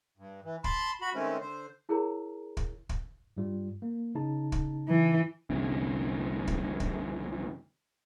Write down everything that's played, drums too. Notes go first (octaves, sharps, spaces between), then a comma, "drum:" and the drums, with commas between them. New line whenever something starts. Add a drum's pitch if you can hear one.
G2
E3
A5 B5 C6, drum: kick
F#4 B5
D#3 G#3 A3 C4 C#4
D3 C5
E4 G#4 A#4 C#5 A#5
drum: kick
drum: kick
G2 G3 F4
A#3
C#3 D#4 A5
drum: kick
E3
F1 C2 D3 C4
drum: kick
drum: kick